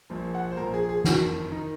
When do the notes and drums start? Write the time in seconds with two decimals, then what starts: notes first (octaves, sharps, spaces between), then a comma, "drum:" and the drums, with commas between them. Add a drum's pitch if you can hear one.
0.10 A#1 A#2 F3
0.35 F#5
0.51 C5
0.57 A#1 A#2 F3 A#4
0.74 G#4
0.89 G#4
1.04 F#1 F2 D#3 F#4, drum: snare
1.52 D#3 D#4